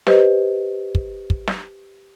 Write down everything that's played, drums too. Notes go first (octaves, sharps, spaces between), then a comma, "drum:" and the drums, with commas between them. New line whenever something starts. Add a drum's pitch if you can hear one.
G4 B4 C5 D#5, drum: snare
drum: kick
drum: kick
drum: snare